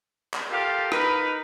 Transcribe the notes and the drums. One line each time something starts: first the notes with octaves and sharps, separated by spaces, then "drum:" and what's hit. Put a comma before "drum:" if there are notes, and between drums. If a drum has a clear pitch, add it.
drum: clap
F4 G4 A4 A#4 F5
D#4 A#4 B4, drum: rim click